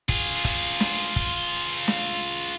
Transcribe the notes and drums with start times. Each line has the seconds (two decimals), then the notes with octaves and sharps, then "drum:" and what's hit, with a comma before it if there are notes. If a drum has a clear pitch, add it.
0.09 F4 G#4, drum: kick
0.45 drum: kick, hi-hat
0.80 drum: snare
1.16 drum: kick
1.88 drum: snare